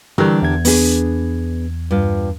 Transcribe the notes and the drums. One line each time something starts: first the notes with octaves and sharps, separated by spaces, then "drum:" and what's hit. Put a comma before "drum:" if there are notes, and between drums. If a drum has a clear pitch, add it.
D3 E3 G3 G4 A#4
E2 G#6
B3 D4 G#4, drum: open hi-hat
G2 F4